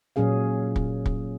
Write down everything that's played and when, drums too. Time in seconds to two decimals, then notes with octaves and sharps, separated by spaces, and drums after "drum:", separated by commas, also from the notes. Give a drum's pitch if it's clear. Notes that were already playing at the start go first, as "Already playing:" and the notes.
0.16 A#2 F#3 C#4 G#4 F5
0.76 drum: kick
1.06 drum: kick